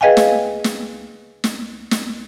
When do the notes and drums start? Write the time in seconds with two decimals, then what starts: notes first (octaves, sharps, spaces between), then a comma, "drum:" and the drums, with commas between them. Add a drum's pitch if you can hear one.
0.01 G#4 B4 D#5 F5 G5 G#5
0.17 drum: snare
0.64 drum: snare
1.44 drum: snare
1.91 drum: snare